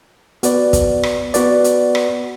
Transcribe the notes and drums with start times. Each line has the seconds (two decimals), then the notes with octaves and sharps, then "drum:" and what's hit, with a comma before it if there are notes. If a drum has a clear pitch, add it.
0.43 B3 F#4 B4 D5, drum: hi-hat
0.73 drum: kick, hi-hat
1.03 drum: rim click
1.34 B3 F#4 B4 D5, drum: hi-hat
1.64 drum: hi-hat
1.95 drum: rim click